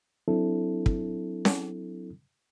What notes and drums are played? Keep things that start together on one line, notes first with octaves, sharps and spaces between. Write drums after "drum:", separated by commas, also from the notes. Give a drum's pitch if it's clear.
F#3 C4 D4 E4 A4
drum: kick
drum: snare C#4